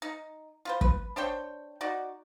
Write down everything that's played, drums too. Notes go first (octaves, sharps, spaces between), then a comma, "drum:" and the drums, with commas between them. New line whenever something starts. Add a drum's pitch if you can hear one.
D#4
F4 B4 C5
B4, drum: kick
D4 C5 C#5 G5
D#4 F#4 D5